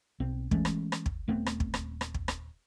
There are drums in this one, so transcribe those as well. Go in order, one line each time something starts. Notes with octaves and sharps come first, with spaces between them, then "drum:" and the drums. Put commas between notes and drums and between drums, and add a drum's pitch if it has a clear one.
B1 C4
E3 G#3 A3 C#4, drum: kick
drum: rim click
drum: rim click
drum: kick
D#1 A3 B3 C4
drum: rim click
drum: kick
drum: rim click
drum: rim click
drum: kick
drum: rim click